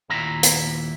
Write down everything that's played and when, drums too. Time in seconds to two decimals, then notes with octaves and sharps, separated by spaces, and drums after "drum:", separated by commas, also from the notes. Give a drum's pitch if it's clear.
0.10 D#2 A#2 E4 E5 A#5
0.43 drum: hi-hat